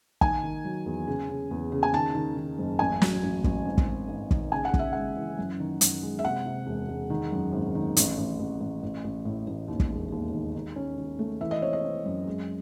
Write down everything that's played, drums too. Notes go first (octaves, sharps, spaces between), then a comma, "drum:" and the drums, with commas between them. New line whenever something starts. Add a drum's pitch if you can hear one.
D#3 G#5, drum: kick
D#3
F#3
E2
C#3
C#3
E2
C#3
G#5
D#3 A5
D#3
D#3
F#1
A1 G#5
F#3, drum: snare
A1
A1, drum: kick
G#1
drum: kick
G#1
G#1
D#3, drum: kick
C#3 G#5
F#5
C#3, drum: kick
E5
G#3 F#5
E3
F#2
D#3
F#2, drum: hi-hat
G#3
E5
C3 F#5
C3
E1
E1
D#3
F#2
G#1
D#3
A1, drum: hi-hat
A1
A1
A1
A1
A1
A2
A1
D#2
drum: kick
E1
D#2
D#3
D#3
C#4
D#3
A3
E3 E5
D#5
C4 C#5
D#5
C4
F#2
G#3